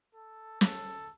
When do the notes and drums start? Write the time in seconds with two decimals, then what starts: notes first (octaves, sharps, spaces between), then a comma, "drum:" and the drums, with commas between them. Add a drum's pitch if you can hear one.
0.14 A4
0.61 A4, drum: snare